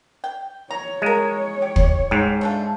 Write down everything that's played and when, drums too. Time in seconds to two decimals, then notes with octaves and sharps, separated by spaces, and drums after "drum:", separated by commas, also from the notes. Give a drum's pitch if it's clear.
0.24 G5
0.70 C#5 A#5
1.02 G#3 F4 A#4
1.62 G4
1.76 drum: kick
2.11 G#2 G4
2.41 A3 D4 F4